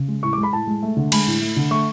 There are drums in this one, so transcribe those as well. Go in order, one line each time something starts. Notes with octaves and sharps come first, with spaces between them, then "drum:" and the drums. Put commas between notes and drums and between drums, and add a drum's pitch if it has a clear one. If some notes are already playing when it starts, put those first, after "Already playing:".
Already playing: C#3
G#3
A2 C#6
G#3 D6
B5
A2 A5
G#3
A3
D3
G#3 B5, drum: cymbal
A2
A3
D3
A3 C#6